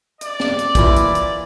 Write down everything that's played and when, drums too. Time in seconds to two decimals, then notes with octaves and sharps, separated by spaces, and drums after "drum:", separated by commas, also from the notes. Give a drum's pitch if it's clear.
0.21 D5, drum: hi-hat
0.40 drum: snare
0.59 drum: hi-hat
0.75 A#2 E3 B5, drum: kick, hi-hat
0.96 drum: hi-hat
1.15 drum: hi-hat